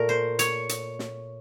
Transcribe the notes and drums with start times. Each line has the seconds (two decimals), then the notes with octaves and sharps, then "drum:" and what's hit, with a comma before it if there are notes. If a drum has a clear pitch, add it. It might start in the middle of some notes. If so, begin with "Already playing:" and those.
Already playing: A#2 A3 A#4
0.09 C5
0.39 C#5, drum: hi-hat
0.69 drum: hi-hat
0.99 drum: snare